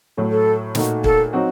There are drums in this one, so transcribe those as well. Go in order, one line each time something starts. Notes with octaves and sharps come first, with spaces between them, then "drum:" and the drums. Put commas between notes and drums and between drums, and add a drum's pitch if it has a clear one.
A2 F#3 A3
A4
A#2 A3 D#4 F#4, drum: snare
A4, drum: kick
F#3 C4 D#4 F#4